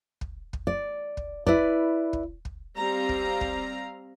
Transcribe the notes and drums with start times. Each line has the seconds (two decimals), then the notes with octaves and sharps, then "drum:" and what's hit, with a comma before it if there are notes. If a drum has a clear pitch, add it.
0.21 drum: kick
0.53 drum: kick
0.67 D5
1.17 drum: kick
1.47 E4 B4 D5, drum: kick
2.13 drum: kick
2.45 drum: kick
2.77 G3 C4 F5 A#5
3.09 drum: kick
3.41 drum: kick